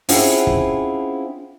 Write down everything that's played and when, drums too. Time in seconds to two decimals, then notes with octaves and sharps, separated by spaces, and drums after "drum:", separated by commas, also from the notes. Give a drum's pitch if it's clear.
0.09 C4 C#4 E4 F4 G#4 F#5, drum: open hi-hat
0.47 drum: kick